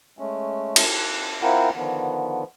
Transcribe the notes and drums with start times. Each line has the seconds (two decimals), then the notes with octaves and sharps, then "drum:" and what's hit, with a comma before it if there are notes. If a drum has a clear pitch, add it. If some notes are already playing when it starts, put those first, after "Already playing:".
0.19 G#3 A3 C#4
0.76 drum: cymbal
0.95 F#6
1.42 C4 E4 F4 A#4 F#5 G5
1.75 D3 D#3 F3 B3